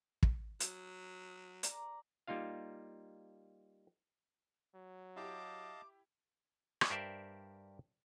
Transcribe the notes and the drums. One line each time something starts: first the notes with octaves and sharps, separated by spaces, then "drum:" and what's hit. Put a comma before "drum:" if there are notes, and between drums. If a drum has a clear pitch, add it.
drum: kick
F#3, drum: hi-hat
D5 A#5, drum: hi-hat
G3 A#3 D#4 F4 F5
F#3
E4 G4 D#5 F5 A5 D6
drum: rim click
G2 G4 A#4 C5 D5 E5